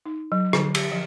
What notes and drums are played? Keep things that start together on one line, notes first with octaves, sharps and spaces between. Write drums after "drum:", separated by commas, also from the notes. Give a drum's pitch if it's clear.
D#4
F#3
D3, drum: rim click
G4, drum: cymbal
F3